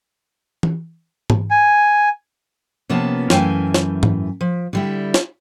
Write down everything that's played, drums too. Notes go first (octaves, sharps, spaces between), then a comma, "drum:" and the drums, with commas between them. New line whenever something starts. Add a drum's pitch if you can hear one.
drum: tom E3
drum: tom G#2
G#5
C3 F3 A#3 B3 C#4 A5
F#2 E3 A3 F5 G5 G#5, drum: snare
drum: snare
drum: tom G#2
F3
D3 G3 E4
drum: snare